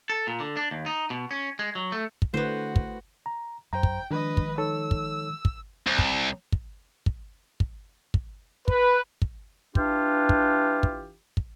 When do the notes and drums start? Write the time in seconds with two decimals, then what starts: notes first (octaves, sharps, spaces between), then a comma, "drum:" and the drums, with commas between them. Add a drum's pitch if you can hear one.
0.10 A4
0.27 A#2
0.40 D3
0.57 D4
0.71 D#2
0.86 D#4
1.10 B2
1.31 C#4
1.59 G#3
1.75 F#3
1.92 A3
2.22 drum: kick
2.34 D3 A3 B3 E4 F#4 C5
2.76 drum: kick
3.26 A#5
3.73 F#2 C5 G5 A#5
3.83 drum: kick
4.11 D#3 F3 G#3 D4 B4 D#5
4.37 drum: kick
4.58 D#4 A4 C#5 E6
4.91 drum: kick
5.45 drum: kick
5.87 C2
5.99 drum: kick
6.52 drum: kick
7.06 drum: kick
7.60 drum: kick
8.14 drum: kick
8.68 B4, drum: kick
9.22 drum: kick
9.75 E3 D4 F4 G4, drum: kick
10.29 drum: kick
10.83 drum: kick
11.37 drum: kick